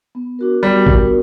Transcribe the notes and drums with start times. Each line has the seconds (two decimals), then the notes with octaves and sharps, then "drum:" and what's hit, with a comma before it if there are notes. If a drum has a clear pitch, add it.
0.15 B3
0.39 D4 F#4 A#4
0.63 G3 B3
0.87 D4 F#4 A#4, drum: kick